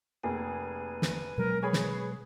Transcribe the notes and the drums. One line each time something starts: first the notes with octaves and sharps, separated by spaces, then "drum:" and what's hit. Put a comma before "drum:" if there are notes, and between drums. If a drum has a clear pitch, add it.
F1 A#3 G#4 B4 G#5
drum: snare
B2 F#3 G#3 A#4
G#4 B4 C#5 G#5 B5
drum: snare